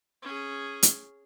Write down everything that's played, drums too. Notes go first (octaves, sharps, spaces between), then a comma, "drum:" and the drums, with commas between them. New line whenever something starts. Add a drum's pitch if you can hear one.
C#4 G#4
drum: hi-hat